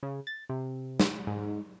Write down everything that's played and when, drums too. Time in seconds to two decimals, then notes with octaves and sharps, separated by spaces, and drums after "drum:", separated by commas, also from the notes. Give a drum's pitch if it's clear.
0.03 C#3
0.27 A6
0.49 C3
1.00 drum: snare
1.27 G#2